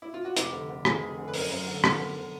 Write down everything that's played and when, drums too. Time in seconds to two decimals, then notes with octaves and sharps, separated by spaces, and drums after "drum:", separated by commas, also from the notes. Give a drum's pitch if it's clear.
0.02 E4
0.14 F4
0.25 F#4
0.37 F1 G4, drum: hi-hat
0.53 D3
0.69 D3
0.85 F1 G#4, drum: rim click
1.02 D3
1.18 D3
1.28 B4
1.34 F#2 A#4, drum: open hi-hat
1.50 F#2
1.67 D3
1.84 B3, drum: rim click
1.99 D3
2.16 D3